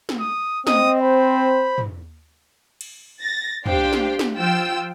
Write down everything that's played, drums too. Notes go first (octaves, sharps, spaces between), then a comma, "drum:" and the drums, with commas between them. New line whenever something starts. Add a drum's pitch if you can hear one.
drum: snare
D#6
C4 D#5 D#6, drum: snare
C5 B5
drum: tom
drum: cymbal
A6 A#6
D4 G4 C5 F5 G5, drum: tom
drum: snare
drum: snare
F3 F4 G5 E6